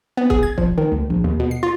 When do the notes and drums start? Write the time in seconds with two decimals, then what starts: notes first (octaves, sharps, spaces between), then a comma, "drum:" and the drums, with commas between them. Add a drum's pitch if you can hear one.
0.17 B3
0.30 G#4, drum: kick
0.43 G#6
0.58 F3, drum: kick
0.78 D#3
0.92 D2
1.10 A#1
1.24 D#2
1.40 B2
1.51 C7
1.63 F4